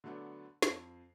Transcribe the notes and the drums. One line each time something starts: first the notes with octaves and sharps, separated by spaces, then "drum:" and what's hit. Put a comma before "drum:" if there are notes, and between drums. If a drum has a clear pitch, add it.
D3 F#3 A3 B3 D4
F2 C7, drum: snare